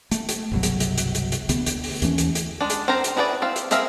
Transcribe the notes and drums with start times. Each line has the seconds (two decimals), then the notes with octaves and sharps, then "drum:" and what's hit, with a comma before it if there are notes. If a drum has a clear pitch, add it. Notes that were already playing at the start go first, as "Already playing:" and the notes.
0.11 A3, drum: hi-hat
0.29 drum: hi-hat
0.52 G1 C2 B2 F#3
0.63 drum: hi-hat
0.80 drum: hi-hat
0.98 drum: hi-hat
1.15 drum: hi-hat
1.32 drum: hi-hat
1.49 D2 D3 B3, drum: hi-hat
1.66 drum: hi-hat
1.84 drum: open hi-hat
2.02 D#2 E3 A3 C#4, drum: hi-hat
2.18 drum: hi-hat
2.35 drum: hi-hat
2.61 G#3 D4
2.70 drum: hi-hat
2.88 C4 A#4 C5 A#5
3.04 drum: hi-hat
3.17 E4 G#4 B4 C5 D5
3.42 C4 E5 F5
3.56 drum: hi-hat
3.71 C4 G#4 A#4 E5 F5, drum: hi-hat